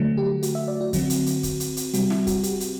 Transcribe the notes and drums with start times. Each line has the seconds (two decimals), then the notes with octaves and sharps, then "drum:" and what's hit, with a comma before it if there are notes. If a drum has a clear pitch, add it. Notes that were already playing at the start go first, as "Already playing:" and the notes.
Already playing: D3 F#3 A3
0.17 G4
0.43 F#4, drum: hi-hat
0.55 E5
0.68 D5
0.80 F#4
0.93 D3 F#3 C4, drum: kick, hi-hat
1.10 drum: hi-hat
1.26 drum: hi-hat
1.43 drum: kick, hi-hat
1.60 drum: hi-hat
1.77 drum: hi-hat
1.94 C3 G3 C4 F#4, drum: hi-hat
2.10 E4, drum: snare
2.27 F#4, drum: kick, hi-hat
2.43 G4, drum: hi-hat
2.60 drum: hi-hat